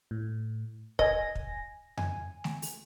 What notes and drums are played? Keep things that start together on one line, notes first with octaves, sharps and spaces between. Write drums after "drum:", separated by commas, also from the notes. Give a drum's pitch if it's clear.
A2
D#5 G#5 A#6, drum: kick
drum: kick
G#5, drum: tom F2
drum: snare A3
drum: open hi-hat